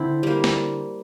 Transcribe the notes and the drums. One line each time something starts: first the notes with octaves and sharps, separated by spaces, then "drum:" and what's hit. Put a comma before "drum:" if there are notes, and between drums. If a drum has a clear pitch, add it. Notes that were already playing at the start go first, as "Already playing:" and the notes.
Already playing: D3 C4 E4
G3 A#3
drum: snare